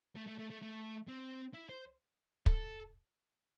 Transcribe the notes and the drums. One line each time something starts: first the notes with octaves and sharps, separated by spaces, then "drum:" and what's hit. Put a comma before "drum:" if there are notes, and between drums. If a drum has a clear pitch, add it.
A3
A3
A3
A3
A3
C4
E4
C5
A4, drum: kick